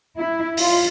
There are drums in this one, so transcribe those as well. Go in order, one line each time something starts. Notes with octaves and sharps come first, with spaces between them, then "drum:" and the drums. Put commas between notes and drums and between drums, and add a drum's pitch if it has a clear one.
E4
F4, drum: open hi-hat